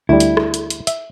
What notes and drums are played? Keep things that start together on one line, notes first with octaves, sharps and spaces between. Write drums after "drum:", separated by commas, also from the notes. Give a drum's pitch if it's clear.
D2 G3 E4
drum: hi-hat
drum: rim click
drum: hi-hat
drum: hi-hat
E5, drum: hi-hat